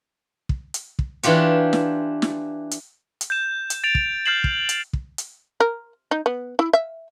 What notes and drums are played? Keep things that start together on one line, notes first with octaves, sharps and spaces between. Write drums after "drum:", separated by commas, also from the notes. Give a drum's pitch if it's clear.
drum: kick
drum: hi-hat
drum: kick
E3 D4 F4 G4 C#5, drum: hi-hat
drum: snare
drum: snare
drum: hi-hat
drum: hi-hat
G6 E7
drum: hi-hat
A6 D7 F7
drum: kick
F6 G6 A6 C7 E7 F#7
drum: kick
drum: hi-hat
drum: kick
drum: hi-hat
A#4
D#4
B3
E4
E5